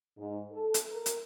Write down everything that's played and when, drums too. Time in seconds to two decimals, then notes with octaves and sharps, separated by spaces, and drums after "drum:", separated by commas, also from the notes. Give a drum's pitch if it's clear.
0.18 G#2
0.52 A4
0.74 drum: hi-hat
0.90 A#4
1.06 drum: hi-hat